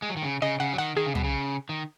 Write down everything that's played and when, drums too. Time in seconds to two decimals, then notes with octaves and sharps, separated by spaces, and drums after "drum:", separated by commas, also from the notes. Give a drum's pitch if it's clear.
0.02 G#3
0.10 F#3
0.17 D#3
0.23 C#3
0.42 C#3 D#5
0.60 C#3 F#5
0.73 F#3
0.78 D#3 F#5
0.97 D#3 G#4
1.06 C#3
1.15 B2, drum: tom
1.24 C#3
1.69 D#3